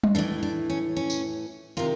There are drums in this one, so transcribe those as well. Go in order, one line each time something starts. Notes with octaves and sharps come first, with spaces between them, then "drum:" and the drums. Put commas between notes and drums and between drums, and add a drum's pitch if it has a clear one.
drum: tom G3
A2 E3 D4
D4
C#4
C#4
drum: tambourine
C3 D#3 F4